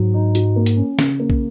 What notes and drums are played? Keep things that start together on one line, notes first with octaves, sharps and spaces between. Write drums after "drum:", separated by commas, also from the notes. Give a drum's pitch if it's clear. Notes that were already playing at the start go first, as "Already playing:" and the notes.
Already playing: G#2 F#3
D#4
F#4, drum: hi-hat
A#3
drum: hi-hat
C#4
C#3, drum: snare
A#3
drum: kick